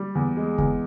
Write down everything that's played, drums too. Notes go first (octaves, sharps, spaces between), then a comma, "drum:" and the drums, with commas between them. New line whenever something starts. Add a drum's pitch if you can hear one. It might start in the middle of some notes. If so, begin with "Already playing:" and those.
Already playing: G3
E2
G#3
E2, drum: kick F1